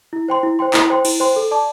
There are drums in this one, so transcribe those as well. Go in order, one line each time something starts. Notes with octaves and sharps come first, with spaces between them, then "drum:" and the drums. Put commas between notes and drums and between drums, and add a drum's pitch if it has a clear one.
E4
C5 G5 C6
E4
C5 G5 C6
E4, drum: clap
C5 G5 C6
E4, drum: cymbal
C5 G5 C6
A4
D5 A5 D6